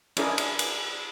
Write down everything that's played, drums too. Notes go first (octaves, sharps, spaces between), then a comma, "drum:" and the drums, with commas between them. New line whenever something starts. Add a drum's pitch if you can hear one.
C#4 D4 E4 G#4 A#4, drum: cymbal
drum: cymbal
drum: cymbal